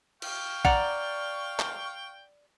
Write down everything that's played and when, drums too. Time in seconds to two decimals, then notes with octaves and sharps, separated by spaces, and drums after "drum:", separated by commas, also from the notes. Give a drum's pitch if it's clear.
0.22 F5 G5 C#6, drum: cymbal
0.65 D5 F#5 A#5, drum: kick A#1
1.59 drum: clap